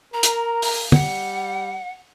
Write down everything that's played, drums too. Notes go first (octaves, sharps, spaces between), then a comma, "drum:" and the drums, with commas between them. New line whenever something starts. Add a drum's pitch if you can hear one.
A#4 A#5
drum: hi-hat
drum: open hi-hat
G3 F#5, drum: tom